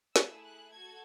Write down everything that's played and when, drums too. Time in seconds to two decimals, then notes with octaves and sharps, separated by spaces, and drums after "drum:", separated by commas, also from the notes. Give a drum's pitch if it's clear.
0.16 A3 E4 G#4 E6, drum: snare
0.44 F#6
0.72 F#4 A4 G#6